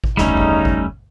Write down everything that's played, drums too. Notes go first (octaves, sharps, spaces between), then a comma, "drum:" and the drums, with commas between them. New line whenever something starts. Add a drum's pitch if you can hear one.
drum: kick G#1
F1 D2 C#3 G3 A3 C#4 D#4, drum: snare
drum: kick G#1
drum: kick G#1